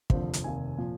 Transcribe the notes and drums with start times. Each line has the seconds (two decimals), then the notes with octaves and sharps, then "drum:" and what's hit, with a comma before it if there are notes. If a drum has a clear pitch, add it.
0.10 F1 D#2 D3 F3 C5, drum: kick
0.33 drum: hi-hat
0.44 F1 D#2 D#3 G#5
0.78 A#2 F3